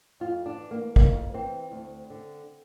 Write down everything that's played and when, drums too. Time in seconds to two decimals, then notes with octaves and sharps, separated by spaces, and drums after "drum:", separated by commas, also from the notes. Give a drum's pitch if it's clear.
0.20 F2 F4
0.46 D4
0.58 E3
0.71 A#3
0.96 F2 A#3, drum: kick
1.34 E3 C4
1.72 D2
2.10 D3